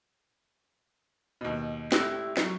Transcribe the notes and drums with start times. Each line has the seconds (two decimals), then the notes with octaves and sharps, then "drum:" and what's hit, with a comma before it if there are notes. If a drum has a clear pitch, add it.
1.41 D#2 B2
1.92 A2 E4 G4 F#6, drum: snare
2.37 F#2 F#3, drum: snare